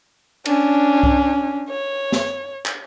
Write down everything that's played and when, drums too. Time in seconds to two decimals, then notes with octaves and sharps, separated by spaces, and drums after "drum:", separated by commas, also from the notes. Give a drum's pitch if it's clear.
0.46 C#4 D4, drum: cymbal
1.03 drum: kick C2
1.68 C#5
2.12 drum: snare
2.66 drum: clap